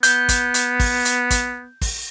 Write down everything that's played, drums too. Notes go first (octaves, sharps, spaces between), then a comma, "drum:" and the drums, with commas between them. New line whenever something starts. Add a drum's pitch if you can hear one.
B3 G6, drum: hi-hat
drum: kick, hi-hat
drum: hi-hat
drum: kick, open hi-hat
drum: hi-hat
drum: kick, hi-hat
drum: kick, open hi-hat